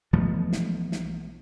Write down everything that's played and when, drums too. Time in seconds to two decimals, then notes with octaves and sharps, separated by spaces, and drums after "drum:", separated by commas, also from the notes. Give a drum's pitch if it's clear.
0.13 B1 E3 F3 A3
0.53 drum: snare
0.92 drum: snare